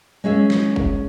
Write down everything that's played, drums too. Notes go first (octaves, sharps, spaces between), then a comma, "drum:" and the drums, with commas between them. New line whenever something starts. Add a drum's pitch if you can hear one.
G#3 C#4 G#4 E5
drum: snare
drum: kick